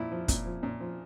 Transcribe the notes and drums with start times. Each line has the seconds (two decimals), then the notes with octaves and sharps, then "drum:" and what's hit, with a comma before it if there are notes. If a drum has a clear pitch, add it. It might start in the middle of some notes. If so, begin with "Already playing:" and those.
Already playing: A#2 F3 E4
0.11 F3
0.28 A#2, drum: kick, hi-hat
0.46 F3
0.63 A#2
0.81 F3